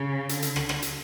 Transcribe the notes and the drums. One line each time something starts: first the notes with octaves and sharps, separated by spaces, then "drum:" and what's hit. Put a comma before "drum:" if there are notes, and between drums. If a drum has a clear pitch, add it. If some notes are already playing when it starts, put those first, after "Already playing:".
Already playing: C#3
D3, drum: hi-hat
drum: hi-hat
drum: rim click
drum: rim click
drum: hi-hat